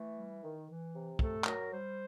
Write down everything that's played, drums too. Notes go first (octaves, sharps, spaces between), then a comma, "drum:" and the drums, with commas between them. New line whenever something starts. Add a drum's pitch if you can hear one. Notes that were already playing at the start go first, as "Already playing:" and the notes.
Already playing: E3 A3
G3
D#3
E3
C3
A3 A4, drum: kick
F#3 A#4, drum: clap
G3 C5